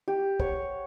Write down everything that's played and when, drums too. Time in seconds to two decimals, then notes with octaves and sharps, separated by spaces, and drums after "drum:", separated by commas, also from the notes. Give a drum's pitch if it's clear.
0.08 G4
0.40 C#5 F#5 C#6, drum: kick